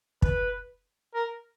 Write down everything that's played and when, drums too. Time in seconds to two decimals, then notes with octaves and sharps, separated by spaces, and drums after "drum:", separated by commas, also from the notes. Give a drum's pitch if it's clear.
0.22 B4, drum: kick
1.14 A#4